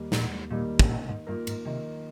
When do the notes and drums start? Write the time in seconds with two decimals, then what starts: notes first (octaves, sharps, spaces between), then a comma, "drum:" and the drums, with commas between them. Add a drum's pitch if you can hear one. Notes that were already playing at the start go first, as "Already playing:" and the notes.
Already playing: D#2 D#3 G3 A#3
0.12 D#2 A#2, drum: snare
0.51 A#2 D#3 G3 A#3
0.79 G#2, drum: kick
0.89 A#2 D#3
1.09 G#2
1.27 G2 A#3 F4 A#4
1.47 G#2, drum: cymbal
1.65 C3 D#3